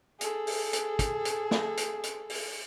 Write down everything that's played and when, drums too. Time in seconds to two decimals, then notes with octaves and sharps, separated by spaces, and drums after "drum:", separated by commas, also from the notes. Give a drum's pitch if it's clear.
0.21 G#4 A4, drum: hi-hat
0.47 drum: open hi-hat
0.73 drum: hi-hat
0.99 drum: kick, hi-hat
1.25 drum: hi-hat
1.51 drum: snare
1.77 drum: hi-hat
2.03 drum: hi-hat
2.30 drum: open hi-hat